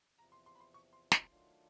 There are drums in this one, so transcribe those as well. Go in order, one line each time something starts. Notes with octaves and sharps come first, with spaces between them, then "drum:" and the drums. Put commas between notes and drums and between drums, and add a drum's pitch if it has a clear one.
E2 C3 F3 A#5
C6
C6
B5
C6
C#6
C6
C6, drum: snare
D#3 F#3 A3 D4 F4